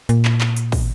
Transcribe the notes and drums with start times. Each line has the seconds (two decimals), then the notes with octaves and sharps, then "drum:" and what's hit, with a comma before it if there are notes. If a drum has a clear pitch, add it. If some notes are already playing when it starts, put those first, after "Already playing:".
0.09 A#2, drum: hi-hat
0.25 drum: clap
0.41 drum: clap
0.57 drum: hi-hat
0.72 drum: kick, open hi-hat